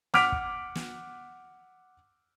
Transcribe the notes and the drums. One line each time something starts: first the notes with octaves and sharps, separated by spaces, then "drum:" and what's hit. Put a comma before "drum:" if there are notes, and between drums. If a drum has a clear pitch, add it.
F#5 D6 F6 B6 D7 F7, drum: snare
drum: kick
drum: snare